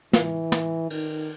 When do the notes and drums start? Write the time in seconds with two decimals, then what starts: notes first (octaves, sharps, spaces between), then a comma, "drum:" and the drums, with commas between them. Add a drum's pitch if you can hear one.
0.13 E3, drum: snare
0.52 drum: snare
0.90 D#3, drum: cymbal